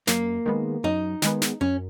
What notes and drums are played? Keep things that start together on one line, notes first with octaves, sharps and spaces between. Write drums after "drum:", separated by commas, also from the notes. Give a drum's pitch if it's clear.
F#2 A#3, drum: snare
D#3 G#3 B3
F#2 D#4
D#3 G#3 B3, drum: snare
drum: snare
F#2 C#4